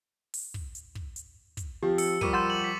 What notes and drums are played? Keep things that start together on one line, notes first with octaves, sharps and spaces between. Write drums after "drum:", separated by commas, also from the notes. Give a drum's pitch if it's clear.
drum: open hi-hat
drum: kick
drum: hi-hat
drum: kick
drum: hi-hat
drum: kick, hi-hat
F3 C4 G4
E6 C#7, drum: open hi-hat
F3 G3 A#4 C#6 D6 D#7, drum: kick
F#5 C6 E6 G6 A6 E7
F#7
B6